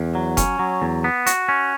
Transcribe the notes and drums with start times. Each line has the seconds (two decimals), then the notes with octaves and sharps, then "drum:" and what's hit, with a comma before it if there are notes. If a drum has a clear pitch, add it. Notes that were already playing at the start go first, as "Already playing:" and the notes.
Already playing: E2
0.15 F#3
0.37 C#4, drum: kick F1, hi-hat
0.59 F#3
0.82 E2
1.04 B3
1.26 F#4, drum: hi-hat
1.49 C#4